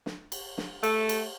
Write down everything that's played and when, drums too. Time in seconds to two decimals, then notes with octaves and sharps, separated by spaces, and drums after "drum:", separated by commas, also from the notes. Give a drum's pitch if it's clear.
0.06 drum: snare
0.32 drum: cymbal
0.58 drum: snare
0.83 A3, drum: cymbal
1.09 drum: cymbal